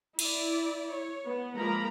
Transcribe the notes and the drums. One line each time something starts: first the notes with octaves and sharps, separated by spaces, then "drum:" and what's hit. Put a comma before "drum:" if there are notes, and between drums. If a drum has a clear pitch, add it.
E4 D5, drum: cymbal
C#5
B3
F3 G#3 A#3 A#4 A#5 B5